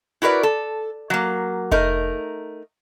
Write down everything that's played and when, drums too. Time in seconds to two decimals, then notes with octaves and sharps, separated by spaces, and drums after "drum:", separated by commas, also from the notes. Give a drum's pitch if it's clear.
0.22 E4 F#4 A#4 B4 D5
0.43 A4
1.10 F#3 A#3
1.71 A3 D#4 A#4, drum: kick F1